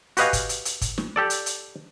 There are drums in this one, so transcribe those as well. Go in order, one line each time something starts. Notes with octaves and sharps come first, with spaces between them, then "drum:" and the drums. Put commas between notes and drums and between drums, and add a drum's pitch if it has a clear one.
F#4 G4 B4 D#5 F5 G#5, drum: hi-hat
drum: kick, hi-hat
drum: hi-hat
drum: hi-hat
drum: kick, hi-hat
drum: snare
G4 A4 D5
drum: hi-hat
drum: hi-hat